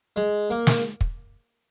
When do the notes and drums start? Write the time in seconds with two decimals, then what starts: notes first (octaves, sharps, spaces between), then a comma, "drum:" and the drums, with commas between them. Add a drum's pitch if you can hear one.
0.16 G#3
0.50 A#3
0.67 drum: snare
1.01 drum: kick